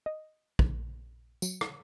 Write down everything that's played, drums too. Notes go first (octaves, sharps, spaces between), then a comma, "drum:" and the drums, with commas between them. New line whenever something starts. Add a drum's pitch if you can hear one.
D#5
A#1, drum: kick
F#3, drum: tambourine
drum: rim click